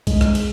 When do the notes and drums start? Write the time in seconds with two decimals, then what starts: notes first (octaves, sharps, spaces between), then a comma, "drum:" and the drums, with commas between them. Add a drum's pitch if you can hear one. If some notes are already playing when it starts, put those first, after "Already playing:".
0.07 G#3, drum: kick B1, cymbal
0.21 drum: rim click
0.35 drum: cymbal